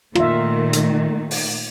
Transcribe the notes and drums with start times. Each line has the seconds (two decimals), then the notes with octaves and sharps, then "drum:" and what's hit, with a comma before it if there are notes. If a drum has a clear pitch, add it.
0.15 A#2 D#3 A3 F4 E5, drum: rim click
0.73 drum: hi-hat
1.31 drum: open hi-hat